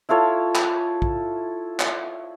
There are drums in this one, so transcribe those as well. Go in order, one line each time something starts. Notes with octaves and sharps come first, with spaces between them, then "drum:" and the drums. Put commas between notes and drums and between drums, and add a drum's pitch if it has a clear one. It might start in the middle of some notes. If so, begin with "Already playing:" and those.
E4 F4 A4 C#5
drum: clap
drum: kick
drum: clap